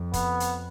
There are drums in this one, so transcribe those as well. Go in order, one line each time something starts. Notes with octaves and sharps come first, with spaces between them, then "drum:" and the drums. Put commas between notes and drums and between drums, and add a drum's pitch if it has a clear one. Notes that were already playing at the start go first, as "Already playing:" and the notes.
Already playing: F2
B3, drum: kick, hi-hat
drum: hi-hat